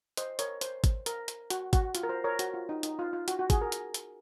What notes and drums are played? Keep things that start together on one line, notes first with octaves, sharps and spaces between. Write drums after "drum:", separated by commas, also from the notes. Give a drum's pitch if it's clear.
C5 D#5, drum: hi-hat
A#4 C#5, drum: hi-hat
C5, drum: hi-hat
drum: kick G#1, hi-hat
A#4, drum: hi-hat
drum: hi-hat
F#4, drum: hi-hat
F#4, drum: kick G#1, hi-hat
F4, drum: hi-hat
A#4
C5
A#4 C#5
F#4, drum: hi-hat
F4
D#4
D#4, drum: hi-hat
F4
F4
F#4, drum: hi-hat
F#4
G#4, drum: kick G#1, hi-hat
A#4
drum: hi-hat
drum: hi-hat